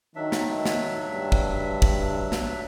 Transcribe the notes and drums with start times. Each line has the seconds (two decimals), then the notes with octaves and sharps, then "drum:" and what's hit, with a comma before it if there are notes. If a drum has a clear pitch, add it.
0.16 D#3 F#3 D4 E5
0.32 drum: snare
0.65 drum: snare
1.07 G2
1.32 drum: kick
1.82 drum: kick
2.32 drum: snare